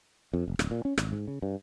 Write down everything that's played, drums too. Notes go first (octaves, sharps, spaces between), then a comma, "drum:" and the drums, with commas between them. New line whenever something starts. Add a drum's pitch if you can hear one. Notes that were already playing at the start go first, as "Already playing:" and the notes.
F2
F1
D1, drum: rim click
A#2
C#4
G#1, drum: rim click
G#2
C#3
G2